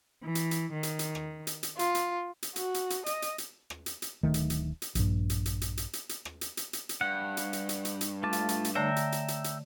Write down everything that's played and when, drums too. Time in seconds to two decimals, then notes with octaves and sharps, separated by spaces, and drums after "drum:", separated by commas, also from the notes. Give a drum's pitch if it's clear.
0.24 E3
0.35 drum: hi-hat
0.51 drum: hi-hat
0.73 D#3
0.83 drum: hi-hat
0.99 drum: hi-hat
1.15 drum: rim click
1.47 drum: hi-hat
1.63 drum: hi-hat
1.79 F4, drum: hi-hat
1.95 drum: hi-hat
2.43 drum: hi-hat
2.56 F#4, drum: hi-hat
2.74 drum: hi-hat
2.90 drum: hi-hat
3.06 D#5, drum: hi-hat
3.22 drum: hi-hat
3.38 drum: hi-hat
3.70 drum: rim click
3.86 drum: hi-hat
4.02 drum: hi-hat
4.23 D1 D#3 A3
4.34 drum: hi-hat
4.50 drum: hi-hat
4.82 drum: hi-hat
4.95 A#1 G2, drum: hi-hat
5.30 drum: hi-hat
5.46 drum: hi-hat
5.61 drum: hi-hat
5.77 drum: hi-hat
5.93 drum: hi-hat
6.09 drum: hi-hat
6.25 drum: rim click
6.41 drum: hi-hat
6.57 drum: hi-hat
6.73 drum: hi-hat
6.89 drum: hi-hat
7.01 G2 F#5
7.37 drum: hi-hat
7.53 drum: hi-hat
7.69 drum: hi-hat
7.85 drum: hi-hat
8.01 drum: hi-hat
8.23 A3 F4 A5 D6
8.33 drum: hi-hat
8.49 drum: hi-hat
8.65 drum: hi-hat
8.75 D3 A3 C#5 E5 G5 A#5
8.96 drum: hi-hat
9.12 drum: hi-hat
9.28 drum: hi-hat
9.44 drum: hi-hat